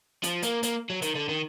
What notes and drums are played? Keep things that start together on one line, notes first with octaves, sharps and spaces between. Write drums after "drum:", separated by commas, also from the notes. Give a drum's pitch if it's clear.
F3, drum: hi-hat
A#3, drum: hi-hat
A#3, drum: hi-hat
F#3
D#3, drum: hi-hat
D3
D#3